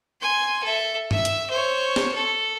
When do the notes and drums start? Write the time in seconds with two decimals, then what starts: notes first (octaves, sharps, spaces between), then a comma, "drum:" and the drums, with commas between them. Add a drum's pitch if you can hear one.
0.21 G#5 C6
0.64 A4 E5
1.11 E5 E6, drum: tom G2
1.25 drum: hi-hat
1.50 C5 C#5
1.96 drum: snare
2.15 A4